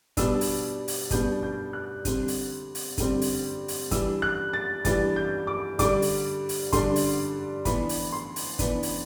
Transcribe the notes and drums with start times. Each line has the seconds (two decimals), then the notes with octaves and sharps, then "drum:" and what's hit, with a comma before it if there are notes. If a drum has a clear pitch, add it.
0.17 B2 G3 B3 D4 E6, drum: kick G1, hi-hat
0.41 drum: open hi-hat
0.88 drum: open hi-hat
1.10 B2 G3 B3 D4 G6, drum: kick G1, hi-hat
1.43 G6
1.73 F#6
2.05 D3 G3 C4, drum: kick G1, hi-hat
2.28 drum: open hi-hat
2.75 drum: open hi-hat
2.98 D3 G3 C4, drum: kick G1, hi-hat
3.22 drum: open hi-hat
3.68 drum: open hi-hat
3.91 E3 G3 D4 E6, drum: kick G1, hi-hat
4.22 F#6
4.53 A6
4.85 E3 G3 D4 A6, drum: kick G1, hi-hat
5.16 G6
5.47 D6
5.79 D3 G3 D4 D6, drum: kick G1, hi-hat
6.02 drum: open hi-hat
6.49 drum: open hi-hat
6.72 D3 G3 D4 C6, drum: kick G1, hi-hat
6.96 drum: open hi-hat
7.65 E3 B3 D4 B5, drum: kick G1, hi-hat
7.89 drum: open hi-hat
8.12 C6
8.36 drum: open hi-hat
8.59 E3 B3 D4 B5, drum: kick G1, hi-hat
8.83 drum: open hi-hat